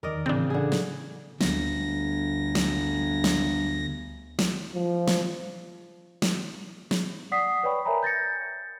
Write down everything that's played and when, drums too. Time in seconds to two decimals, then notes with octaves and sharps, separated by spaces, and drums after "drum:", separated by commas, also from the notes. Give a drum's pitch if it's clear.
0.03 E2 D#3 A#4 D5 D#5
0.26 A2 C#3 E3 C4 D4
0.50 D3 G#4
0.72 drum: snare
1.41 G1 D2 A#6, drum: snare
2.55 drum: snare
3.24 drum: snare
4.39 drum: snare
4.75 F3
5.08 drum: snare
6.22 drum: snare
6.91 drum: snare
7.32 D5 F#5 D#6 B6 C7
7.63 B4 C#5 D5 G5 B5 C#6
7.85 A#4 C#5 E5 G#5 A#5 B5
8.03 G6 A6 A#6 C#7